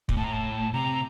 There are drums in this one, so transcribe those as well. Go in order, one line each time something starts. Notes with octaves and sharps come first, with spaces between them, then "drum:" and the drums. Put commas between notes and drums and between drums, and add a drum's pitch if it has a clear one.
A#2, drum: kick
A2 A5
A#5
A5
C3 A#5